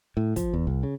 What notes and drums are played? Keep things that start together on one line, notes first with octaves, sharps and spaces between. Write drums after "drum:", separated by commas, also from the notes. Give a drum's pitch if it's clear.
A2
F3, drum: kick, hi-hat
E2
C2
C#3